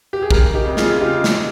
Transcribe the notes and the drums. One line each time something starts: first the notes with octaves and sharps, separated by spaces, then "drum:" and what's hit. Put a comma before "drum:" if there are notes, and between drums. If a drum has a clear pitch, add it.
G4
G#4
C#3 G4 A#4, drum: kick
D#4 G4
F2
F4 G#4, drum: snare
F4
C#3 D#4 G4
drum: snare